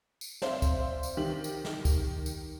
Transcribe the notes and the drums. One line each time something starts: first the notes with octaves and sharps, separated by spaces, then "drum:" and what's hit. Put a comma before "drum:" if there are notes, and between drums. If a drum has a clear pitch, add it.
drum: tambourine
C4 C5 D5 E5 F5, drum: snare
drum: kick C#2, tambourine
drum: tambourine
D#3 G4 F#7
drum: tambourine
drum: snare
drum: kick C#2, tambourine
drum: tambourine